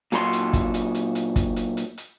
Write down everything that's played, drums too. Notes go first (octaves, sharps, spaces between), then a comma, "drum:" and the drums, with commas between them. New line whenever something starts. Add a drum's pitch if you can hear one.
A#2 F#3 A4 A#5 C6, drum: hi-hat
drum: hi-hat
drum: kick, hi-hat
drum: hi-hat
drum: hi-hat
drum: hi-hat
drum: kick, hi-hat
drum: hi-hat
drum: hi-hat
drum: hi-hat